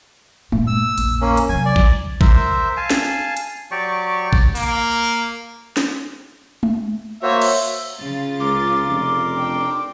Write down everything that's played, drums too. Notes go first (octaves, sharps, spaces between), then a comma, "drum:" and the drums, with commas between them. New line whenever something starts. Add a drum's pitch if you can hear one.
G2 A#2, drum: tom G#3
E6
A#1 E2, drum: hi-hat
A#3 C#4
drum: hi-hat
C3 F#3 G#5
D5
drum: kick A1
A#4 C5 E5, drum: kick A1
F5 G#5 A5
drum: snare
drum: hi-hat
F#3 G4 D5 C#6
drum: kick A1
A#3, drum: open hi-hat
drum: snare
drum: tom G#3
A#3 F#4 C5 C#5 E5
drum: cymbal
C#3 F4 A6
C#2 A#4 C6 D6
F1
D4 G5